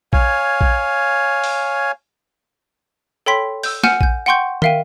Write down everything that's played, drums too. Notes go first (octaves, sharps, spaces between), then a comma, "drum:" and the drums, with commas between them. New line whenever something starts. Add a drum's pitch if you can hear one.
C#5 F5 G#5, drum: kick A#1
drum: kick A#1
drum: open hi-hat
A4 C#5 G5 B5 C6 B6
E6 G6, drum: open hi-hat
F#5 G#5 F6 G6 D#7 E7, drum: snare
G#5 G6, drum: kick A#1
F#5 G5 C6 C#6 G6
A#4 E5 F5 G5 D#7, drum: tom